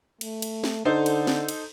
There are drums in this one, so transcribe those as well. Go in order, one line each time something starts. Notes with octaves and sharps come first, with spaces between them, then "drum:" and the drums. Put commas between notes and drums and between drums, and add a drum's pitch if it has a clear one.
A3, drum: cymbal
drum: cymbal
drum: snare
D3 D#4 A4 C5
drum: cymbal
drum: snare
drum: cymbal